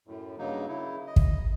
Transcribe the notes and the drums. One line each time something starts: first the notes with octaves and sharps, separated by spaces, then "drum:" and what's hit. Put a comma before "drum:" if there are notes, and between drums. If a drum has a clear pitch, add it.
F#2 A2
G2 C#3 F#3 A#3 D#4
C#3 E4
D#5
drum: kick